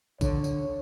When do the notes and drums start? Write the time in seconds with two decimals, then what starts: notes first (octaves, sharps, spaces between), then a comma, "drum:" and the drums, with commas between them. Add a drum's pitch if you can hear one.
0.21 D3 C#5, drum: kick, tambourine
0.44 drum: tambourine